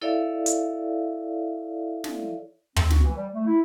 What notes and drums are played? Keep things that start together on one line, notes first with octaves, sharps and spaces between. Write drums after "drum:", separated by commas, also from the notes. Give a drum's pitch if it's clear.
E4 A4 C#5 D5 E5 F5
drum: hi-hat
drum: snare
C4, drum: tom
F#4, drum: snare
E3
G3
A3
E4